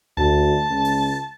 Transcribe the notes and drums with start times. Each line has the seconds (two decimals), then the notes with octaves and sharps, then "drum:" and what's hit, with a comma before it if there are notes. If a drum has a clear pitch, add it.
0.17 D2 A5, drum: tom D2
0.70 C#2
0.85 drum: open hi-hat